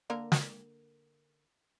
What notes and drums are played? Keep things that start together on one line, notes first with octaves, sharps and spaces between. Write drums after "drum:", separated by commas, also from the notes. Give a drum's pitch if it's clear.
D3 A#3 A#4
drum: snare